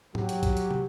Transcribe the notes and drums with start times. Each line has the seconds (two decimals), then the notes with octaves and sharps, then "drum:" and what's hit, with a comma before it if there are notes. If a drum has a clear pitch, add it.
0.15 F#3 G4, drum: tom G#2
0.29 drum: hi-hat
0.43 drum: kick, hi-hat
0.57 drum: hi-hat
0.71 drum: tom